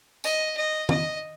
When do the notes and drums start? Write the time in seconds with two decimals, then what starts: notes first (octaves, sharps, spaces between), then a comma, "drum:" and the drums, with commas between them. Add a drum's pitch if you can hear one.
0.24 D#5, drum: tambourine
0.56 D#5
0.89 D#5, drum: tom D#3